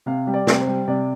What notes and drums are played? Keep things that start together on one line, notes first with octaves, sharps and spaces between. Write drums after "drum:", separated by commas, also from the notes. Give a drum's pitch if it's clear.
C3 F5
G3
D5
C3, drum: snare
C5
G3
C3 D5